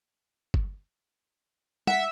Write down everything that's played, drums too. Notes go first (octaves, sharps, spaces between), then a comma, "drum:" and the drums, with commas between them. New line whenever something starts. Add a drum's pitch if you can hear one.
drum: kick G1
E5 F#5, drum: tom